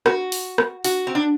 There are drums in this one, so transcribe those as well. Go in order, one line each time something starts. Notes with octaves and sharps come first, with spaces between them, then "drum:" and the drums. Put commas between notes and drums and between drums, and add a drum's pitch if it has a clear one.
F#4, drum: rim click
drum: open hi-hat
drum: rim click
F#4, drum: open hi-hat
C4
D4